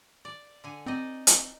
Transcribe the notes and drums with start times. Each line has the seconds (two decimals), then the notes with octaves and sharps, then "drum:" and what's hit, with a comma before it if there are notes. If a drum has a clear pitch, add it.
0.25 D5
0.64 D3 G#5
0.86 C4 D#4 D5 D#5
1.27 drum: hi-hat